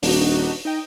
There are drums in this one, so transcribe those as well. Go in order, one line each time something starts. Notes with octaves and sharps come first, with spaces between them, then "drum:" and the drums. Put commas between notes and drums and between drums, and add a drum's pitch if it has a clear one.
D#1 D4 D#4 F#4, drum: open hi-hat
D#4 D#5 G5